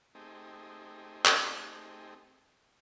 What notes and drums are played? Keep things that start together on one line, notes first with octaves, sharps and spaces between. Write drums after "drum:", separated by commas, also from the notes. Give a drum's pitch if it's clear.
A3 C4 D#4 G4 G#4
drum: clap